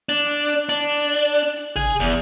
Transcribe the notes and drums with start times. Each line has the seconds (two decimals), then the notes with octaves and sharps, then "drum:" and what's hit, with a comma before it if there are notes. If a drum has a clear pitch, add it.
0.09 D4
0.26 drum: hi-hat
0.48 drum: hi-hat
0.69 D4
0.91 drum: hi-hat
1.13 drum: hi-hat
1.34 drum: hi-hat
1.56 drum: hi-hat
1.76 G#4, drum: tom
2.00 E2, drum: hi-hat